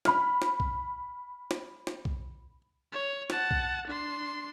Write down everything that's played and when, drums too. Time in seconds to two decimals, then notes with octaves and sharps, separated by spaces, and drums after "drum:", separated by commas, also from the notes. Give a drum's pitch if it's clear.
0.05 B5 F6, drum: snare
0.42 drum: snare
0.60 drum: kick B1
1.51 drum: snare
1.87 drum: snare
2.05 drum: kick B1
2.92 C#5
3.30 F#5 A5, drum: snare
3.51 drum: kick B1
3.87 D4 C6